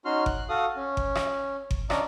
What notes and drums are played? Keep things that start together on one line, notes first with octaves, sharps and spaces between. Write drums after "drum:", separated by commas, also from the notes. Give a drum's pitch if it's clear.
C#4 D#4 F#4 C6 F6
F#6, drum: kick G1
F#4 A4 F5 D#6
C#4
drum: kick G1
drum: rim click
drum: kick G1
C#4 D4 D5 D#5 A#5, drum: rim click